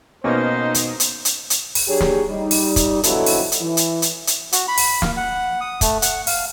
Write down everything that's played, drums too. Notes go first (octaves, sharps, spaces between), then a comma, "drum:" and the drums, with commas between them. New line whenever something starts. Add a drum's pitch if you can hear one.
B2 A#3 B3 C#4 D#4 C5
drum: hi-hat
drum: hi-hat
drum: hi-hat
drum: hi-hat
drum: open hi-hat
F#3 D4 G4 G#4 C#5
drum: snare
G3 D#4
drum: open hi-hat
drum: kick, hi-hat
F2 B2 D3 F#3 E4 A4, drum: hi-hat
drum: open hi-hat
drum: hi-hat
E3
drum: hi-hat
drum: hi-hat
drum: hi-hat
F#4, drum: hi-hat
B5
drum: open hi-hat
F5, drum: snare
F#5
D#6
A3, drum: kick, hi-hat
F#5, drum: hi-hat
F5, drum: open hi-hat